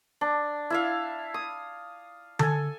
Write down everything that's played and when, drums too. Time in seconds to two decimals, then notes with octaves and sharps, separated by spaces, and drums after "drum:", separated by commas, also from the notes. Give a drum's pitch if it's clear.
0.21 D4
0.70 E4 E5 F5
1.34 D#6
2.39 A4 G#5, drum: tom D3